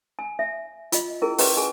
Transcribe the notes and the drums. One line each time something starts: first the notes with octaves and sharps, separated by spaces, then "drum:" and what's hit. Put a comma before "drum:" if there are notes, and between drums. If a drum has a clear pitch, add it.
G#5
E5
F4 D#5, drum: hi-hat
C#4 E4 G#4 A#4
C#4 F4 G4 G#4 B4 D#5, drum: open hi-hat
G#4 G#5